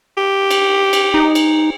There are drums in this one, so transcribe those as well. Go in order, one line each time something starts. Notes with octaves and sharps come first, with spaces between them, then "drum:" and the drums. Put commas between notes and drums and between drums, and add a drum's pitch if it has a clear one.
G4
drum: cymbal
drum: cymbal
D#4
drum: cymbal